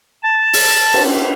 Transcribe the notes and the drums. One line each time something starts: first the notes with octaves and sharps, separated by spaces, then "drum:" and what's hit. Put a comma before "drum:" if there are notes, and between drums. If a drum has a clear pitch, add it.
A5
drum: open hi-hat
drum: cymbal